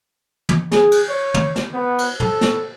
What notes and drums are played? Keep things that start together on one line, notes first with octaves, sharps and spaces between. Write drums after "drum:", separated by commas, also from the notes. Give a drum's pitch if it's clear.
drum: tom
G#4, drum: snare
drum: cymbal
C#5
drum: tom
drum: snare
B3
drum: cymbal
A4, drum: tom
drum: snare